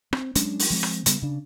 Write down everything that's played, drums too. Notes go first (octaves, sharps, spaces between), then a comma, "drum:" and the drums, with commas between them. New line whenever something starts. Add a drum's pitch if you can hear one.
C4, drum: rim click
F#3 G#3 C#4 D4, drum: hi-hat
drum: open hi-hat
F3 G#3 C4
drum: rim click
C#3 G3 B3, drum: hi-hat
C#3 D4